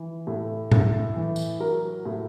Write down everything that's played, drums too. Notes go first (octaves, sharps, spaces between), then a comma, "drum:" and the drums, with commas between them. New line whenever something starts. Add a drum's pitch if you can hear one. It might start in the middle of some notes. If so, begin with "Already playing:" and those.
Already playing: E3
A2
A2 A4, drum: tom A2
E3
drum: tambourine
F#3 A#4
A2